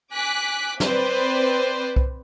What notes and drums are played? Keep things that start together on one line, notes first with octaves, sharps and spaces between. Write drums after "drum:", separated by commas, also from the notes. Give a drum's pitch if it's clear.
G#5 D6 F#6 B6
C4 B4 C5 D5, drum: snare
drum: kick C2